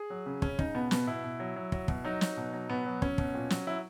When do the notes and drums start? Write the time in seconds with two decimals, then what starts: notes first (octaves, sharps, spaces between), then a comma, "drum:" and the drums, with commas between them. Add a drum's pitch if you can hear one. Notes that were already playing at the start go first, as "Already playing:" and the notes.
Already playing: G#4
0.10 F#3
0.26 C#3
0.42 C#3 C#4, drum: kick
0.59 C#3 D#4, drum: kick
0.75 B2 B3
0.91 B2 B3, drum: snare
1.07 B2 E4
1.24 B2
1.40 F#3
1.56 F#3
1.72 F#3, drum: kick
1.88 B2, drum: kick
2.04 F#3 D#4
2.21 F#3, drum: snare
2.37 B2
2.53 F#3
2.69 B2 B3
2.86 F#3
3.02 F#3 C#4, drum: kick
3.18 B2, drum: kick
3.34 A#2
3.50 F#3, drum: snare
3.67 F#3 E4